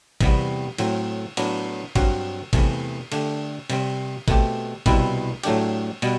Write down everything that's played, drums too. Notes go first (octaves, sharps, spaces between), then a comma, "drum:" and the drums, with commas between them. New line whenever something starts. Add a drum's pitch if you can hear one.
E2 C3 G3 B3, drum: kick G#1, cymbal
A2 F#3 C4, drum: cymbal
A2 F#3 B3 D4, drum: cymbal
G2 F#3 C4 F#4, drum: kick G#1, cymbal
E2 C3 E3 A3, drum: kick G#1, cymbal
D3 A3 D4 G4, drum: cymbal
C3 G3 C4, drum: cymbal
B2 A3 C4 G4, drum: kick G#1, cymbal
C2 B2 G3 C4 E4, drum: kick G#1, cymbal
A2 F#3 A3 D4 G4, drum: cymbal
B2 G3 B3, drum: cymbal